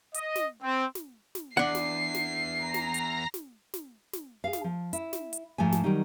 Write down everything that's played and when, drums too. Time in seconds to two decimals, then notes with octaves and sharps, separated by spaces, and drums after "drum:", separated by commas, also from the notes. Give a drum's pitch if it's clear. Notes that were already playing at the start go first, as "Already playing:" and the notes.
0.14 D#5, drum: hi-hat
0.36 drum: snare
0.62 C4
0.95 drum: snare
1.35 drum: snare
1.57 E2 D4 F#5 C7
1.75 drum: snare
2.14 drum: snare
2.59 A#5 A#6
2.74 drum: snare
2.94 drum: hi-hat
3.34 drum: snare
3.74 drum: snare
4.13 drum: snare
4.44 G#4 F5
4.53 drum: snare
4.64 F3
4.93 E4, drum: hi-hat
5.13 drum: snare
5.33 drum: hi-hat
5.58 G#2 F3 A3 G#5
5.72 drum: snare
5.84 D#3 F#3 G3 D#4